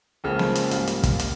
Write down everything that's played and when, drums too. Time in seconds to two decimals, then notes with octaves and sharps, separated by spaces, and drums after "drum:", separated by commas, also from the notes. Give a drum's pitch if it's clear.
0.24 C#2 C#3 F3 A#3
0.39 drum: snare
0.55 drum: hi-hat
0.71 G#2 G3 A#3 F4, drum: hi-hat
0.87 drum: hi-hat
1.03 drum: kick, hi-hat
1.19 drum: hi-hat